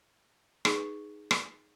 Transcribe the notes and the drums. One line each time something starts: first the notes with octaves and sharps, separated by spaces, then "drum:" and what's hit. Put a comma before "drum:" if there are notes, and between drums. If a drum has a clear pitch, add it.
D#4 G#4 B4 C#6, drum: rim click
drum: rim click